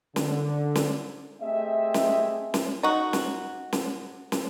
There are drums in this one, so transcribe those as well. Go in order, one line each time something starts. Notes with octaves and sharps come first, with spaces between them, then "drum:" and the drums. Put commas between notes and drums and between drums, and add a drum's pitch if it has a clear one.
D3, drum: snare
drum: snare
A3 C4 G4 G#4 D#5 E5
drum: snare
drum: snare
D#4 F#4
drum: snare
drum: snare
drum: snare